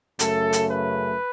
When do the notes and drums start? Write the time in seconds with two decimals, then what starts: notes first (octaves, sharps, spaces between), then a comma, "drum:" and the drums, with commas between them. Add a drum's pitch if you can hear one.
0.19 F#2 C#3 A3 A4, drum: hi-hat
0.53 drum: hi-hat
0.70 B4